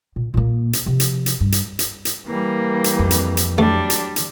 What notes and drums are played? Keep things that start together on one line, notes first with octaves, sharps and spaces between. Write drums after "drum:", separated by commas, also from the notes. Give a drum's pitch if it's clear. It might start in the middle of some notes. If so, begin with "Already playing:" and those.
A#2
A#2 A#3
drum: hi-hat
C3 F3
drum: hi-hat
drum: hi-hat
G2
drum: hi-hat
drum: hi-hat
drum: hi-hat
E3 G3 A#3
drum: hi-hat
F2
drum: hi-hat
drum: hi-hat
F#3 G3 A3 D4
drum: hi-hat
drum: hi-hat